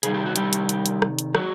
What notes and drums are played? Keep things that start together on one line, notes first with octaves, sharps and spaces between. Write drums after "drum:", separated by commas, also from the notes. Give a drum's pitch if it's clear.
C3 D#3 G3 G#4, drum: hi-hat
G4
F#4
G3 G4, drum: hi-hat
drum: hi-hat
drum: hi-hat
drum: hi-hat
drum: rim click
drum: hi-hat
D#3 F#3 G#3 F#4, drum: rim click